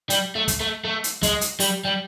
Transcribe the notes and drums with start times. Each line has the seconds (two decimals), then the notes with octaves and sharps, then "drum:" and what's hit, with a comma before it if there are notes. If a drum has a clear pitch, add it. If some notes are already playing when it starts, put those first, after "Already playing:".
0.10 G3, drum: hi-hat
0.35 A3
0.48 drum: kick, hi-hat
0.60 A3
0.85 A3
1.04 drum: hi-hat
1.23 G#3, drum: kick, hi-hat
1.41 drum: hi-hat
1.60 G3, drum: open hi-hat
1.85 G3